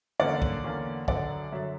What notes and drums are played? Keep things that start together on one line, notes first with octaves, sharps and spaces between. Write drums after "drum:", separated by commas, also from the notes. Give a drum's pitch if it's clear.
E2 D3 A#3 C#4 D5 F#5
drum: kick
E2 D3 A#3 C#4
F#2 D3 F#3 D5 F#5, drum: kick
F#2 D3 F#3 C#5 E5